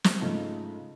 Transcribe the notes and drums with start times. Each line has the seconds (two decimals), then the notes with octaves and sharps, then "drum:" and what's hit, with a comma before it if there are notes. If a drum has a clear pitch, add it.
0.04 drum: snare
0.20 G#2 C#3 A3 D#4 F4